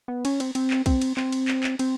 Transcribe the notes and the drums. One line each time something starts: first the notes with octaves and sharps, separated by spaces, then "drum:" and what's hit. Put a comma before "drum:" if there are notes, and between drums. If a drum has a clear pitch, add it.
B3
C#4, drum: cymbal
C4, drum: cymbal
C4, drum: cymbal
drum: clap
C4, drum: kick, cymbal
drum: cymbal
C4, drum: clap
drum: cymbal
drum: clap
drum: clap
C4, drum: cymbal